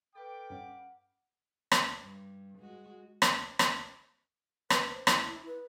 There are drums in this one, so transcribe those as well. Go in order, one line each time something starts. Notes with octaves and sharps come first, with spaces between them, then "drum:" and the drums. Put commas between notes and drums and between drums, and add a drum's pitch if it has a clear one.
A4 B4 F5 G5 B5 D6
G2 C#4 F#5
drum: rim click
G2
G#3 F#4
drum: rim click
drum: rim click
B4, drum: rim click
C5
E4, drum: rim click
B4